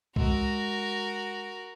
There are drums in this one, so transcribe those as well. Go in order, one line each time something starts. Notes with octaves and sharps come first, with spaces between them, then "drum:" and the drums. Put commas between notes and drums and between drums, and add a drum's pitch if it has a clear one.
G#3 F#4 A#4, drum: kick C2